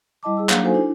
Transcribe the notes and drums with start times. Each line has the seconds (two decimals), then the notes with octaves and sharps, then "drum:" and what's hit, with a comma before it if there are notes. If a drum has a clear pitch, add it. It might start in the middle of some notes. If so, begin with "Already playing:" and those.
0.23 G3 E4 D#5 A5 D6
0.37 G#4 E6
0.49 F#3 A#3 D4 F5 F#5, drum: clap
0.62 D#4 F#4 A4 C5 G#5
0.74 D4 E4